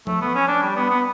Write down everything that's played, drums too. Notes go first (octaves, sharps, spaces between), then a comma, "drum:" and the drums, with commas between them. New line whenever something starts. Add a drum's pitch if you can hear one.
A3, drum: tom F3
B3
C#4
D4
G3
B3
B3